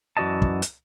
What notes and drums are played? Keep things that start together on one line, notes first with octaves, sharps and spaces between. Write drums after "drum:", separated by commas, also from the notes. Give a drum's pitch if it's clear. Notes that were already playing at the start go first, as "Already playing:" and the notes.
F#2 E3 F#4 D5 D#5 A5
drum: kick
drum: hi-hat